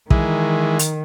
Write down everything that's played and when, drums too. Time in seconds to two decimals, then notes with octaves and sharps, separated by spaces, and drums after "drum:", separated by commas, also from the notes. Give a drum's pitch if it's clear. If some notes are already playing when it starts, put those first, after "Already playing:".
0.10 D#3 E3 G#3, drum: kick
0.79 drum: hi-hat